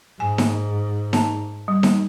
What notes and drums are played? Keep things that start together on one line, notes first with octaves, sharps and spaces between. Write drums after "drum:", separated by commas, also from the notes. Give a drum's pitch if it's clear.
G#2 G#5
drum: snare D#4
A5 A#5, drum: snare D#4
G3
drum: snare D#4